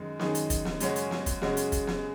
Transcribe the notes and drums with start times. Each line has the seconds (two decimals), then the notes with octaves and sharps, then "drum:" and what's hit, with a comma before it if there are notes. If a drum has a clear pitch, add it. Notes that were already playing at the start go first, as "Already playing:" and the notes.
Already playing: F#2 D#3 G#3 D#4
0.19 F#2 D#3 G#3 D#4 G#4, drum: snare
0.35 drum: hi-hat
0.50 drum: kick, hi-hat
0.65 drum: snare
0.80 F#2 C#3 G#3 C#4 F#4, drum: hi-hat
0.96 drum: hi-hat
1.11 drum: snare
1.26 drum: kick, hi-hat
1.42 F#2 C#3 G#3 C#4 F#4, drum: snare
1.57 drum: hi-hat
1.72 drum: kick, hi-hat
1.87 drum: snare